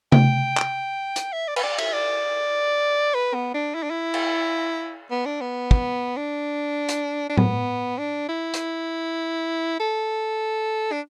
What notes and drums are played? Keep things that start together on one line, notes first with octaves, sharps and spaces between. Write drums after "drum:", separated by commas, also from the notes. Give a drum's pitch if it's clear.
G5, drum: tom C3
drum: clap
drum: hi-hat
E5
D5
B4, drum: cymbal
D5
E5, drum: cymbal
D5
B4
B3
D4
E4
D4
E4
drum: cymbal
B3
D4
B3
drum: kick
D4
drum: hi-hat
D4
B3, drum: tom A2
D4
E4
drum: hi-hat
A4
D4